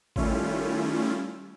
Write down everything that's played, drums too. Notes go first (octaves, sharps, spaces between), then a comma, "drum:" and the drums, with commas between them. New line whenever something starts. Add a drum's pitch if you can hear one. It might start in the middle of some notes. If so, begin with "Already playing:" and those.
D#3 G3 A3 C#4 E4 F4, drum: kick G#1